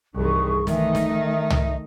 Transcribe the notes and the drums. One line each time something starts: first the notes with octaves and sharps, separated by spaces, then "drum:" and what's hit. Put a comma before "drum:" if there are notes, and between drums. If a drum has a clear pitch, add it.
C2 G2 D#3 E3 G#4 C#6
D#3 E3 A3 D#4 E5, drum: snare
drum: snare
D#3
drum: tom